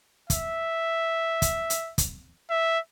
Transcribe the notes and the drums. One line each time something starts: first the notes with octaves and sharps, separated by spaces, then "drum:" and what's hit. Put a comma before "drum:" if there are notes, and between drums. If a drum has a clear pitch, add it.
E5, drum: kick, hi-hat
drum: kick, hi-hat
drum: hi-hat
drum: kick, hi-hat
E5